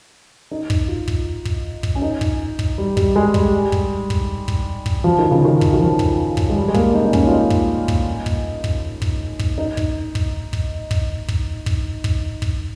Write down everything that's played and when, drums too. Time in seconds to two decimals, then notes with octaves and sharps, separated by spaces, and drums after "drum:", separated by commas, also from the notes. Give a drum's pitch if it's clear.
0.51 D#4
0.70 drum: kick
0.88 F4
1.08 drum: kick
1.45 drum: kick
1.83 drum: kick
1.95 C#4
2.02 D#4
2.21 drum: kick
2.59 drum: kick
2.78 G3
2.97 G3, drum: kick
3.16 G#3
3.34 G3, drum: kick
3.72 drum: kick
4.10 drum: kick
4.48 drum: kick
4.86 drum: kick
5.04 F3
5.19 D#3
5.31 C#3
5.45 D#3
5.61 drum: kick
5.74 D#3
5.80 F3
5.99 drum: kick
6.37 drum: kick
6.50 G#3
6.56 G3
6.68 G#3
6.74 A#3, drum: kick
6.93 D#4
7.05 D#4
7.13 C#4, drum: kick
7.27 F4
7.32 D#4
7.50 drum: kick
7.88 drum: kick
8.26 drum: kick
8.64 drum: kick
9.02 drum: kick
9.39 drum: kick
9.58 D#4
9.77 drum: kick
10.15 drum: kick
10.53 drum: kick
10.91 drum: kick
11.28 drum: kick
11.66 drum: kick
12.04 drum: kick
12.42 drum: kick